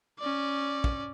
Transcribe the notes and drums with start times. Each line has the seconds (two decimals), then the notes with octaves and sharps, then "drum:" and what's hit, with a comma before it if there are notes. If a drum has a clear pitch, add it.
0.19 C#4 D5
0.84 drum: kick